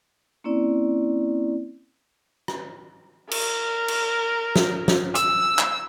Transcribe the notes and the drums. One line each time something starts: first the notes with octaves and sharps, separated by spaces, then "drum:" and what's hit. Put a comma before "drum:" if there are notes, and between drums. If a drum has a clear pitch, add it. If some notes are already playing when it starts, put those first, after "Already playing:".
A#3 C4 C#4 E4 D5
drum: rim click
A#4, drum: cymbal
drum: cymbal
drum: snare
drum: snare
E6, drum: hi-hat
drum: clap